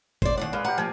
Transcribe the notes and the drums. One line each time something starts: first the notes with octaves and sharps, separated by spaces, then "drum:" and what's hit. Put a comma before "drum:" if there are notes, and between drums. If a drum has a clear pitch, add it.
C5 D5, drum: kick G1
D#2 C3 D5 F#5
G#3 B4 F5
G4 F#5 A#5
F3 A#3 G#5